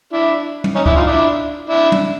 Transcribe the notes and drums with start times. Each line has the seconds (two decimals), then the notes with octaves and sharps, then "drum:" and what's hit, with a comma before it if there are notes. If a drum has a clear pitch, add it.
0.13 D4 E4
0.64 drum: tom
0.75 C#4 D#4
0.86 D4 E4, drum: kick C#2
0.96 D#4 F4
1.07 D4 E4
1.69 D4 E4
1.92 drum: tom